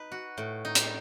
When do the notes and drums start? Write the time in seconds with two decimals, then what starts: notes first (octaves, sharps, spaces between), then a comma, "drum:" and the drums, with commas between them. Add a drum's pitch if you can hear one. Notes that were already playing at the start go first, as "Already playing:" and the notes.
Already playing: D#4 B4
0.12 F#4
0.38 A2
0.65 D#4
0.75 drum: hi-hat